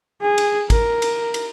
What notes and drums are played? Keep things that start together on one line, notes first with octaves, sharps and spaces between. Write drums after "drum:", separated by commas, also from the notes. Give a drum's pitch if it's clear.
G#4
drum: cymbal
A#4, drum: kick, cymbal
drum: cymbal
drum: cymbal